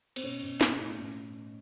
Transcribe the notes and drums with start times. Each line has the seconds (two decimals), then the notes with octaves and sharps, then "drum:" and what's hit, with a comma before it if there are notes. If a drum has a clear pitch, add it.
0.16 C4, drum: cymbal
0.23 B2 C#4
0.42 B2
0.61 B2, drum: snare
0.79 A2 C#4
0.99 A2